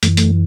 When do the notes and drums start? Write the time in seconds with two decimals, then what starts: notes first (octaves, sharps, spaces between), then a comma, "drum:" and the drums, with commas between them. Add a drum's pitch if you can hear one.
0.03 F#2 E3 A3, drum: hi-hat
0.17 A3, drum: hi-hat